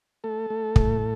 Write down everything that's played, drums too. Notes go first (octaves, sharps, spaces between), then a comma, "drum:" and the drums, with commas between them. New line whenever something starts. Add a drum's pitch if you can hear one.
A3 A4
A3
A2, drum: kick